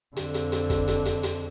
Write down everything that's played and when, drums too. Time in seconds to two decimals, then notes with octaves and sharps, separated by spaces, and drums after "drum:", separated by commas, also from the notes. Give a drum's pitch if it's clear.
0.16 F2 D3, drum: hi-hat
0.34 drum: hi-hat
0.52 drum: hi-hat
0.70 drum: kick, hi-hat
0.88 drum: hi-hat
1.05 drum: hi-hat
1.23 drum: hi-hat